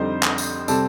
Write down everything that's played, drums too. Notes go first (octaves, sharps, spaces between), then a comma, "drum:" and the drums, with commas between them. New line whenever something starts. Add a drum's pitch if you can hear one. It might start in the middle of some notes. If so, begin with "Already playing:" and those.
Already playing: F2 D3 G3 C4 D#4 C5 C6
drum: clap
drum: tambourine
C3 G3 C4 A4 A5, drum: tambourine